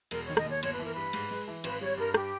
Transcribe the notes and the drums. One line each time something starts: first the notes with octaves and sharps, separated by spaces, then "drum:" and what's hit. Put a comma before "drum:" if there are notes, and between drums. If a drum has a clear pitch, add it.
E1 A#4, drum: cymbal
C#5
D#3
D#5, drum: rim click
D#2 C#5
G1 C#5, drum: cymbal
B4
E3 A#4
G2 B4
G#2, drum: cymbal
G#3
E3
G#1 B4, drum: cymbal
G3 C#5
G2 A#4
G4, drum: rim click